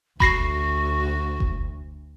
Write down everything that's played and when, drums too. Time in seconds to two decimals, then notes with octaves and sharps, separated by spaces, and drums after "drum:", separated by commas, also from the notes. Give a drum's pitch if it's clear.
0.20 D2 F#4 B5 A#6 C7, drum: kick F#1
1.40 drum: kick F#1